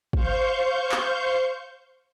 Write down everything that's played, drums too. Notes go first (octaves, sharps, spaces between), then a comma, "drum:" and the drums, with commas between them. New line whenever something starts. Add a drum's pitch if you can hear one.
C5 F5 C#6 G6, drum: kick
drum: clap